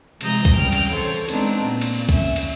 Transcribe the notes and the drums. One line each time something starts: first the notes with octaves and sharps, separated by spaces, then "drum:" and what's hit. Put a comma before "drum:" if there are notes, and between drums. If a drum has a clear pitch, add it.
C3 F3 G#3 A#5 D#6 G6, drum: cymbal
drum: kick, cymbal
C#3 E3 G3 G5 F6
drum: cymbal
A4 C5 C#5
G#3 B3 C4 D4 D#4, drum: cymbal
A#2
drum: cymbal
C#4 E5, drum: kick, cymbal
drum: cymbal